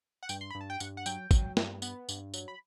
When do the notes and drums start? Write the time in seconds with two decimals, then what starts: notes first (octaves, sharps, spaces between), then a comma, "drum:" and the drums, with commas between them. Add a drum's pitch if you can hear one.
0.23 F#5
0.29 G2 G5, drum: tambourine
0.41 C6
0.50 G2 B5
0.61 A5
0.70 G5
0.80 G2 F#5, drum: tambourine
0.97 F#5
1.06 F#3 G5, drum: tambourine
1.31 F#3, drum: kick, tambourine
1.57 G2, drum: snare
1.82 B3, drum: tambourine
2.09 G2, drum: tambourine
2.34 F#3, drum: tambourine
2.48 B5